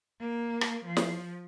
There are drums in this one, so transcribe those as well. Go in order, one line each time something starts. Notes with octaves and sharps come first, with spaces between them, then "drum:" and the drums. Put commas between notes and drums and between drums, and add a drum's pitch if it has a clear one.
A#3
drum: rim click
F3
drum: snare